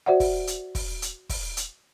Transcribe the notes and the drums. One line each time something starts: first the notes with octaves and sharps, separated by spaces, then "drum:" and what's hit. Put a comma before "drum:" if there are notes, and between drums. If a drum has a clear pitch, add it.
F#4 C5 D5 E5 F#5
drum: kick, open hi-hat
drum: hi-hat
drum: kick, open hi-hat
drum: hi-hat
drum: kick, open hi-hat
drum: hi-hat